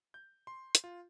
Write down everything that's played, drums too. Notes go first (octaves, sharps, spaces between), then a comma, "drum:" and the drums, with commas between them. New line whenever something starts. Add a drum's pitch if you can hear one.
G6
C6
drum: hi-hat
F4